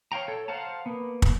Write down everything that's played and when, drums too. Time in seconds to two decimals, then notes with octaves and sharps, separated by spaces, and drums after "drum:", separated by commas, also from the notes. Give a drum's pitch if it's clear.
0.12 C#5 F5 G5 A#5
0.28 A4 C#5
0.48 C5 F5 F#5 A5 A#5
0.86 A#3 B3
1.22 drum: kick